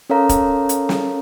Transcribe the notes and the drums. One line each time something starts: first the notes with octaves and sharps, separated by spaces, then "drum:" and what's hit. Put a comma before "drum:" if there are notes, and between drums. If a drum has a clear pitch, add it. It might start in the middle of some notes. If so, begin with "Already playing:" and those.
C#4 A4 A#4 C#5 F5 A#5
drum: kick, hi-hat
drum: hi-hat
drum: snare